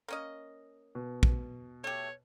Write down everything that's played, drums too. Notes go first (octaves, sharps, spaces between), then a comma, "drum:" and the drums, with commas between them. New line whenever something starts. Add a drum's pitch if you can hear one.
A#3 C#4 D#5
B2
drum: kick
A3 G4 C#5